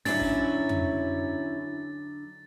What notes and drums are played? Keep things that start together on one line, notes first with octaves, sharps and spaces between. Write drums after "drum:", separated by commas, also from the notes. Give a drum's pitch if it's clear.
D3 F#3 C#4 D4 E4 A6, drum: open hi-hat
drum: kick
drum: tom F2